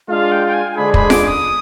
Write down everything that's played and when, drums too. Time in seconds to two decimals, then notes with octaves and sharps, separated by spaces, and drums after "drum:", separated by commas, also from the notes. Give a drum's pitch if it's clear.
0.08 G#3 D4 F4 F5
0.32 G5
0.47 G5
0.54 G#5
0.72 G#5
0.77 D3 G#3 D4 G#4 C5 B5
0.94 B5, drum: kick
1.10 D6, drum: snare F4
1.27 D#6